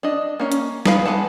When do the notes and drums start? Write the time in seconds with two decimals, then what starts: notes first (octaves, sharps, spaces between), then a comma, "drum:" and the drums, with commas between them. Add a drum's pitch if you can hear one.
0.03 D4 D#5
0.40 A#3 C#4
0.52 drum: hi-hat
0.86 B3 G#4 B4 F5, drum: snare
1.06 G#3 D#4 B4 F#5 A5